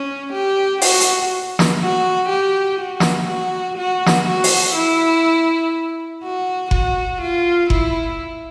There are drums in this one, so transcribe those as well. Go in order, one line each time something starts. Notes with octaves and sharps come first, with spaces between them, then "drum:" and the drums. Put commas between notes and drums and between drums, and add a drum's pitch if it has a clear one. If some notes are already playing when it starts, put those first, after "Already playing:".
Already playing: C#4
G4
F#4, drum: open hi-hat
drum: hi-hat
drum: snare
F#4
G4
F#4
drum: snare
F#4
F#4
drum: snare
F#4
drum: open hi-hat
E4
F#4
F#4, drum: kick F#1
F4
E4, drum: kick F#1